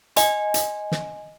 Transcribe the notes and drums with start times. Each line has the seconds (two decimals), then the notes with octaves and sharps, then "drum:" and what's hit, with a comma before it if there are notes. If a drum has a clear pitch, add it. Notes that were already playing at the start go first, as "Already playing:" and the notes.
0.16 D#5 G#5 C6, drum: hi-hat
0.54 drum: hi-hat
0.92 drum: snare